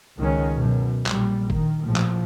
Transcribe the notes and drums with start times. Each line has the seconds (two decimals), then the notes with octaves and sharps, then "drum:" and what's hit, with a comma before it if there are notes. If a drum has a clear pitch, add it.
0.18 C#2 D#3 G#3 C#4
0.55 F#2 B2
1.06 A#1 G3, drum: clap
1.50 D#3, drum: kick G1
1.83 A#1 A2 F3
1.96 drum: clap